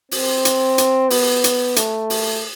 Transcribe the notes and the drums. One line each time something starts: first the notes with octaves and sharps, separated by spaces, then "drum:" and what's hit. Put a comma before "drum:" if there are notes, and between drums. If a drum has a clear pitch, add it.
C4, drum: open hi-hat
drum: hi-hat
drum: hi-hat
B3, drum: open hi-hat
drum: hi-hat
A3, drum: hi-hat
drum: open hi-hat